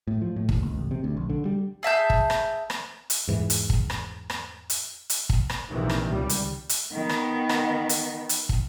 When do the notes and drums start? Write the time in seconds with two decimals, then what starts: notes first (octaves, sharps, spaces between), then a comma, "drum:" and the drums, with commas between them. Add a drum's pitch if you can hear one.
0.07 A2
0.22 F3
0.36 A2
0.49 D#2, drum: kick
0.63 C#2
0.77 A1
0.91 C3
1.04 D2
1.17 A#1
1.30 D3
1.45 G3
1.83 G#4 E5 A5 G6
2.10 drum: kick
2.30 drum: rim click
2.70 drum: rim click
3.10 drum: hi-hat
3.27 E2 G#2 E3
3.50 drum: hi-hat
3.70 drum: kick
3.90 drum: rim click
4.30 drum: rim click
4.70 drum: hi-hat
5.10 drum: hi-hat
5.29 drum: kick
5.49 drum: rim click
5.71 A#1 C3 D#3 E3
5.89 drum: rim click
6.09 C#2 G3
6.29 drum: hi-hat
6.69 drum: hi-hat
6.92 D#3 B3
7.09 drum: rim click
7.49 drum: rim click
7.89 drum: hi-hat
8.29 drum: hi-hat
8.49 drum: kick